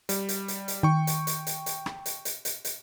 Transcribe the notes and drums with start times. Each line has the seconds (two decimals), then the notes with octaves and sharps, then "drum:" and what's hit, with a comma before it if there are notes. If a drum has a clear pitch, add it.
0.09 G3, drum: hi-hat
0.29 drum: hi-hat
0.48 drum: hi-hat
0.68 drum: hi-hat
0.83 D#3 G5 C#6
1.07 drum: hi-hat
1.27 drum: hi-hat
1.47 drum: hi-hat
1.66 drum: hi-hat
1.86 drum: rim click
2.06 drum: hi-hat
2.25 drum: hi-hat
2.45 drum: hi-hat
2.65 drum: hi-hat